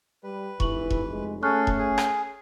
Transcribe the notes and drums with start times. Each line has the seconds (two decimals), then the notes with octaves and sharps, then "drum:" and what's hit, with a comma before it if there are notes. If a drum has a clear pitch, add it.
0.24 G3 B4
0.60 F1 E3 C#6 F#7, drum: kick E1
0.90 drum: kick E1
1.11 G#3
1.43 A3 C#4 G#4 A4 C#6 F6 F#6
1.67 drum: kick E1
1.78 G#4
1.98 drum: rim click